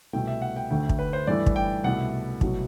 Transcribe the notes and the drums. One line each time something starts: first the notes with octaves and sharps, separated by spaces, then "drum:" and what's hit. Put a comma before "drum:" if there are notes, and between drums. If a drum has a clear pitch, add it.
C2 B2 A3 G5
E5
F#5
G5
D2 D3 A3 G5
drum: kick
B4
C5
G2 E3 A3 D5
drum: kick
G5
C2 B2 A3 F#5
C2 B2 F#3 A3, drum: kick